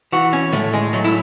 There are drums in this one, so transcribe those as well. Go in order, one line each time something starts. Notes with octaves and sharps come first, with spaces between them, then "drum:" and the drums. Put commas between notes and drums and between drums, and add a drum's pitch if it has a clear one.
E3 F#4
C#4
A2 A3, drum: snare G#3
G#3
F#3 A3
E4, drum: hi-hat